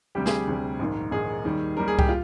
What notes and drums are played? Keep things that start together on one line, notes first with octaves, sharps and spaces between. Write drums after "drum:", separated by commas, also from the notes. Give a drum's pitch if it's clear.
D2 C3 G3 G4
G#4, drum: snare
D2 C3 G3
A#1 G#2 D#3 A#3
A#1 G#2 D#3 A#3 G#4
D#2 D#3 G3
D#2 D#3 G3 A#4
G#4
G4, drum: kick C2
F4